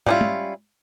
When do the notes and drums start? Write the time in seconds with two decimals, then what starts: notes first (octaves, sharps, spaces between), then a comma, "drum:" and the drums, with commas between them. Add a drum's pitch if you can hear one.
0.06 G3 C#4 D4 E4 F4, drum: tom
0.21 drum: tom